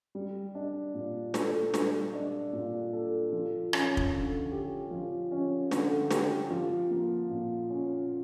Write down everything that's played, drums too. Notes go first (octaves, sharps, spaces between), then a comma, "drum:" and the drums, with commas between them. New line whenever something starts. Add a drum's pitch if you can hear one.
G3
D4
A#2
A4, drum: snare
G3, drum: snare
D4
A#2
A4
F3
C#4, drum: rim click
drum: kick
D3
G4
F3
C#4
D3, drum: snare
G4, drum: snare
F3
A#3
A#2
C#4